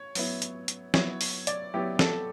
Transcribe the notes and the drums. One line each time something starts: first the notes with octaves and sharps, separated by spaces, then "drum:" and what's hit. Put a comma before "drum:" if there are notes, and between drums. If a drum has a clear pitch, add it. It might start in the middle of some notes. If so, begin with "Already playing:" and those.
Already playing: C#5
F#3 B3 E4, drum: open hi-hat
drum: hi-hat
drum: hi-hat
F#3 B3 E4 C#5, drum: snare
drum: open hi-hat
D5, drum: hi-hat
F#3 B3 E4 G4
A4, drum: snare